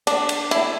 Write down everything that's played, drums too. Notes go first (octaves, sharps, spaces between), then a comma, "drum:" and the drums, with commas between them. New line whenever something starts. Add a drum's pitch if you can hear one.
D4, drum: cymbal
drum: cymbal
E4, drum: cymbal